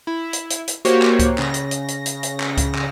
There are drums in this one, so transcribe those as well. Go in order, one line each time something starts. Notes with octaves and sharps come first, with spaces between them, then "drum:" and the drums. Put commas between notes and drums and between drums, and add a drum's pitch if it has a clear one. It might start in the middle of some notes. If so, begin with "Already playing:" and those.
E4
drum: hi-hat
drum: hi-hat
drum: hi-hat
A#3 F#4 G4 C5 C#5, drum: hi-hat
drum: clap
drum: kick C#2, hi-hat
C#3 A#6, drum: clap
drum: hi-hat
drum: hi-hat
drum: hi-hat
drum: hi-hat
drum: hi-hat
drum: clap
drum: kick C#2, hi-hat
drum: clap